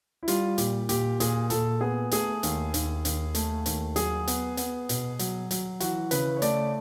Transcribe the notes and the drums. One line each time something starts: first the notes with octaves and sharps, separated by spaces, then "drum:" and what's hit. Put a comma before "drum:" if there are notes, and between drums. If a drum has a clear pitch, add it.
E4
G3 F4, drum: hi-hat
A#2 G4, drum: hi-hat
A#2 G4, drum: hi-hat
A#2 G#4, drum: hi-hat
A#2 A4, drum: hi-hat
B3 G#4
A3 G#4, drum: hi-hat
D#2, drum: hi-hat
D#2, drum: hi-hat
D#2, drum: hi-hat
A3, drum: hi-hat
D#2, drum: hi-hat
F#3 G#4, drum: hi-hat
B3, drum: hi-hat
B3, drum: hi-hat
B2, drum: hi-hat
F#3, drum: hi-hat
F#3, drum: hi-hat
E3 F#4, drum: hi-hat
C#3 B4, drum: hi-hat
C#5
A3 D5, drum: hi-hat